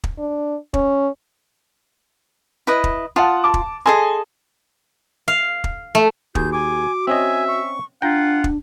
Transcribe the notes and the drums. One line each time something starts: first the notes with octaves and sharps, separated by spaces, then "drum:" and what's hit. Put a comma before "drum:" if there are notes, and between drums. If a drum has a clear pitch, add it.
drum: kick
D4
C#4, drum: kick
E4 B4 D#5
drum: kick
F4 F#5 A5 D#6
A5 D6
drum: kick
G#4 A4 D#5 G#5 C6
F5
drum: kick
A3
D#2 F#4 G#4 G6, drum: kick
G#5 D6
C4 C#4 D#5 E5 G#5
C#6
D4 F4 F#5 G5 A#5
drum: kick